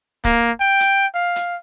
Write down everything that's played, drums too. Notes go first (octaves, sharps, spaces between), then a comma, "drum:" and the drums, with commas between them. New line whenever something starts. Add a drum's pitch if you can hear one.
A#3, drum: kick C#1, hi-hat
G5
drum: hi-hat
F5
drum: hi-hat